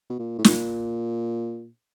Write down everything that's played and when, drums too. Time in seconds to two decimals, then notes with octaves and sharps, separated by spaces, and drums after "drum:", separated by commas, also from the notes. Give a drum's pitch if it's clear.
0.10 B2
0.19 A#2
0.39 A2
0.44 A#2, drum: snare